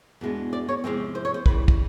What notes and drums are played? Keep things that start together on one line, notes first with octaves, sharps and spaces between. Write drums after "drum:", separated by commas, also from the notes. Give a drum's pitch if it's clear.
E2 B2 G#3 B3 D4
D5
C#5
E2 C3 F3 G#3 C4
C5
C#5
C5
C#3 E3 G3 B4, drum: kick
drum: kick